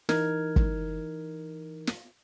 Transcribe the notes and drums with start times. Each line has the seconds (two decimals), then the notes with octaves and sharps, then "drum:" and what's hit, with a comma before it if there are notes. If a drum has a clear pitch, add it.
0.09 E3 D#4 A#4 F6 G#6, drum: snare
0.56 drum: kick
1.87 drum: snare